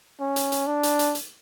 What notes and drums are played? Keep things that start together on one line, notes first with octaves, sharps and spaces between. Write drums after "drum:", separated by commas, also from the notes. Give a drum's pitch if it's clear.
C#4
drum: hi-hat
drum: hi-hat
D4
drum: hi-hat
drum: hi-hat
drum: hi-hat